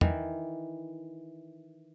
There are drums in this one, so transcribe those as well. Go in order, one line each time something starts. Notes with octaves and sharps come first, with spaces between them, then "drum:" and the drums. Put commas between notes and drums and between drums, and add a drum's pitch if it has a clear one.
D#3 E3, drum: tom